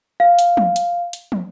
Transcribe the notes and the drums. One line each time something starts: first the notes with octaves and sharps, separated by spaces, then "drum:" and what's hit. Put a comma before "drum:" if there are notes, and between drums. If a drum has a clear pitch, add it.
F5
drum: hi-hat
drum: tom
drum: hi-hat
drum: hi-hat
drum: tom